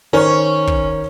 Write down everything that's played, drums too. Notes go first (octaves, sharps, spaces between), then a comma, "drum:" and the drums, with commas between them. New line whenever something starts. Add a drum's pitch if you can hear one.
D#3 C#4 A#4 C5
drum: kick